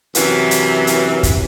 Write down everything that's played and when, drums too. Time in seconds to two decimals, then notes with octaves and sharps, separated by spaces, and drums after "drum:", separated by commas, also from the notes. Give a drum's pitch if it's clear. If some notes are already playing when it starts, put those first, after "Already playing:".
0.15 F#2 C3 E3, drum: hi-hat
0.51 drum: hi-hat
0.87 drum: hi-hat
1.23 drum: kick, hi-hat